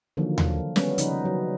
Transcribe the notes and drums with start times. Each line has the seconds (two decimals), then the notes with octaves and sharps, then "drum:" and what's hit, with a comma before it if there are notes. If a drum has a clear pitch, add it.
0.17 D3 D#3 F3 F#3 A#3
0.38 drum: tom D#2
0.76 G3 B3 C#4, drum: snare
0.98 C#3 F3 D#4 B4, drum: hi-hat
1.25 F#3